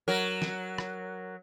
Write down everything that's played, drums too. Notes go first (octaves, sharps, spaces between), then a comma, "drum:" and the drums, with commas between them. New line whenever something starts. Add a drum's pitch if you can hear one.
F#3 A#4
drum: snare
drum: rim click